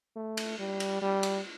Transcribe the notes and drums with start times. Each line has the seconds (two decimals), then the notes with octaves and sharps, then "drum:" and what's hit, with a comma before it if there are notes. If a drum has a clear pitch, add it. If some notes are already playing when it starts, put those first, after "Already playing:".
0.16 A3
0.37 drum: cymbal
0.59 G3
0.80 drum: cymbal
1.02 G3
1.23 drum: cymbal